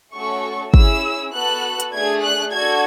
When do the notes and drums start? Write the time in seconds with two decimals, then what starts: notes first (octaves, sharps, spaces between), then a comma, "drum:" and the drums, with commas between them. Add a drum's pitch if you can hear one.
0.14 A3 C#4 F#4 A4 C#6
0.74 C#4 E4 G#4 E6, drum: kick
1.34 B3 F#4 A4 F#6
1.80 drum: hi-hat
1.93 A3 D4 G#4 G#6
2.23 F#6
2.53 D4 F#4 A4 G#6